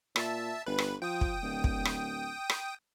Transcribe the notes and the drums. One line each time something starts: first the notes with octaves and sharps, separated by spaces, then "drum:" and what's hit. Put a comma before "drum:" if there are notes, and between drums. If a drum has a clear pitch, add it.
A#2 E5 A5, drum: rim click
G1 B4
drum: rim click
F3 G5 D#6
drum: kick
D1
drum: kick
drum: rim click
drum: rim click